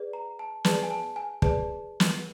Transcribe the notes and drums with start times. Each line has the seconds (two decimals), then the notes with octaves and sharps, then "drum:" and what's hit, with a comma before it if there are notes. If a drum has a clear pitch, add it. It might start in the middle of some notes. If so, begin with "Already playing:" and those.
Already playing: G#4 B4 D5
0.13 A#5
0.39 A5
0.65 G#4 B4 D5 A5, drum: snare
0.83 G#5
0.90 A5
1.16 G#5
1.42 G#4 B4 D5 A5, drum: kick
2.00 drum: snare